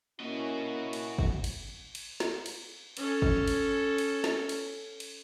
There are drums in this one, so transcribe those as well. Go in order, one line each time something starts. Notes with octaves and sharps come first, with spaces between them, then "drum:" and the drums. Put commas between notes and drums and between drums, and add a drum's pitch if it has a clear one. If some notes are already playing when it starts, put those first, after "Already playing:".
A#3 C#4 E4 F#4 D#5
drum: cymbal
drum: kick
drum: cymbal
drum: cymbal
drum: snare
drum: cymbal
C#4 A4, drum: cymbal
drum: kick
drum: cymbal
drum: cymbal
drum: snare
drum: cymbal
drum: cymbal